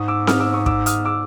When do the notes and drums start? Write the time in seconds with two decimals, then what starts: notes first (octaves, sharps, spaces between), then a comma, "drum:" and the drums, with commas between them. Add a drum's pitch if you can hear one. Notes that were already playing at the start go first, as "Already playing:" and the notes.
Already playing: G#2 C#6 D#6
0.08 D6 E6
0.27 D#6 F6, drum: snare C4
0.40 D6 E6
0.53 C#6 D#6
0.66 D6 E6, drum: kick
0.86 D#6 F6, drum: hi-hat
1.05 D6 E6